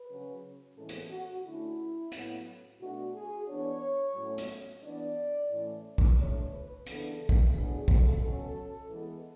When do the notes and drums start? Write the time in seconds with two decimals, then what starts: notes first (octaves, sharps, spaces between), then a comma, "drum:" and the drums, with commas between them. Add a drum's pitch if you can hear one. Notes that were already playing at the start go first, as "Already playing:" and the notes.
Already playing: B4
0.08 C#3 F#3 C#4
0.76 A2 E3 G#3 C#4 A4
0.89 drum: hi-hat
1.10 F#4
1.44 D3 A3 C#4 E4
2.12 A2 F#3 B3, drum: hi-hat
2.79 B2 A3 D4 F#4
3.14 G#4
3.47 E3 B3 D4 C#5
4.15 A2 F#3 A3 C#4
4.38 drum: hi-hat
4.83 E3 B3 D4 D5
5.51 A2 E3 A3 C#4
5.98 drum: kick
6.18 B2 A3 D4 C#5
6.52 B4
6.86 C#3 E3 B3 D4 A4, drum: hi-hat
7.29 drum: kick
7.54 A2 F#3 B3 D4 G#4
7.88 A4, drum: kick
8.22 B2 F#3 C#4 A4
8.89 E3 G#3 B3